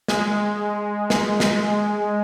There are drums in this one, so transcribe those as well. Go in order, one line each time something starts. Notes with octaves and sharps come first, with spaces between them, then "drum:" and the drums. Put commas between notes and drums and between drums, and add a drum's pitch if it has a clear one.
G#3, drum: snare
drum: snare
drum: snare